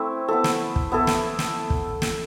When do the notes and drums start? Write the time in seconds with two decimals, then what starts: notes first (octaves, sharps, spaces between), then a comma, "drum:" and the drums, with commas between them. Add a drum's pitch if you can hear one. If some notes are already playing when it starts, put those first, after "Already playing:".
Already playing: A3 C4 E4
0.28 B3 E4 A4
0.44 drum: snare
0.76 drum: kick
0.92 B3 E4 A4
1.07 drum: snare
1.39 drum: snare
1.70 drum: kick
2.02 drum: snare